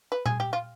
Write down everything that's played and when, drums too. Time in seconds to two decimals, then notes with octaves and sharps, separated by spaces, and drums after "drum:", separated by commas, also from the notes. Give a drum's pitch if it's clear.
0.12 B4
0.26 G#4, drum: tom A#2
0.40 G4
0.53 F4